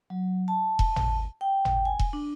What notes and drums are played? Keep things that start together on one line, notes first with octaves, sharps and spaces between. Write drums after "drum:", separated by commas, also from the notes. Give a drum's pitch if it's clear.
F#3
A5
drum: kick E1
drum: tom G#1
G5
drum: tom G#1
G#5
drum: kick E1
D4